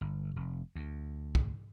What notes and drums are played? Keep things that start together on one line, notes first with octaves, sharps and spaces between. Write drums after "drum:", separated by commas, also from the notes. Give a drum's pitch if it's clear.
G1
F1
D2
drum: kick